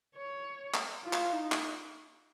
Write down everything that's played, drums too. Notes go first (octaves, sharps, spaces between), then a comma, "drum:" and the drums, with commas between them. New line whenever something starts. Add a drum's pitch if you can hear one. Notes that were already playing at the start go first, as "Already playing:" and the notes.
C#5
drum: clap
F4
drum: clap
D#4
drum: clap